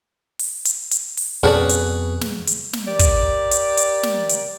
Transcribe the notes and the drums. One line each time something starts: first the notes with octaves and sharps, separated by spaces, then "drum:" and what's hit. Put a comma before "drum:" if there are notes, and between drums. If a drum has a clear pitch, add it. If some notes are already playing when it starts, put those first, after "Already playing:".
drum: open hi-hat
drum: hi-hat
drum: hi-hat
drum: open hi-hat
F2 B2 C#4 F#4 G#4 A4 B4 D5
drum: hi-hat
drum: snare
drum: hi-hat
drum: snare
G4 A#4 D5
drum: kick, hi-hat
drum: hi-hat
drum: hi-hat
drum: snare
drum: hi-hat